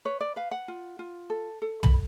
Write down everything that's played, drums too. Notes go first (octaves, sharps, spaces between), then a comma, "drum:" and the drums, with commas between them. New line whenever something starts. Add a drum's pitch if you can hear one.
B4 C#5
D5
B4 F5
F#5
F4
F4
A4
A4
B5, drum: tom